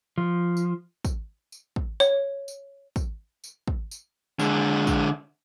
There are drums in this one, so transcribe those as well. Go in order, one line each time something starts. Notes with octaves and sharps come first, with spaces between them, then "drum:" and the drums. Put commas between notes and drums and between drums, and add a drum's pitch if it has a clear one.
F3
drum: tambourine
drum: kick, tambourine
drum: tambourine
drum: kick
C#5, drum: tambourine
drum: tambourine
drum: kick, tambourine
drum: tambourine
drum: kick
drum: tambourine
D3 G#3, drum: tambourine
drum: kick, tambourine